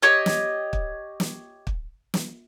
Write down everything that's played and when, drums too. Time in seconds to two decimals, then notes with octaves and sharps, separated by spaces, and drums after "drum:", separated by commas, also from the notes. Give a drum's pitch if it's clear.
0.02 G4 C#5 D#5
0.26 drum: snare
0.73 drum: kick
1.20 drum: snare
1.67 drum: kick
2.14 drum: snare